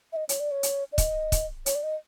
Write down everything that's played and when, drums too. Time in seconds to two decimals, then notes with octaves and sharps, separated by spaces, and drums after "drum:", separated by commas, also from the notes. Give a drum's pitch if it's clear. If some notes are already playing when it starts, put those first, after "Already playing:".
0.13 E5
0.16 D#5
0.29 C#5, drum: hi-hat
0.40 D5
0.51 C#5
0.63 drum: hi-hat
0.93 D5
0.98 D#5, drum: kick, hi-hat
1.32 drum: kick, hi-hat
1.66 C#5, drum: hi-hat
1.75 D5
1.83 D#5